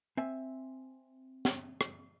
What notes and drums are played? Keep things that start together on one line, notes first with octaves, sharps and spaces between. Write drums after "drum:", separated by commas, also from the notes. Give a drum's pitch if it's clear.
C4 E5 G#5
drum: snare
drum: rim click